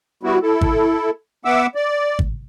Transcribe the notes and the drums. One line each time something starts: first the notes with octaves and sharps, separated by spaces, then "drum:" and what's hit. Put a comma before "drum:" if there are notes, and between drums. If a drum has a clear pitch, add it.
G3 B3 E4 F#4
E4 A4
drum: kick
B3 E5 F#5 D6 E6
D5
drum: kick